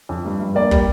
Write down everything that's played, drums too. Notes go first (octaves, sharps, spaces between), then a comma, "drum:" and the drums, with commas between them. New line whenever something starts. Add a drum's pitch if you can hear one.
F2
G2
G2
A#3 D5
G3, drum: kick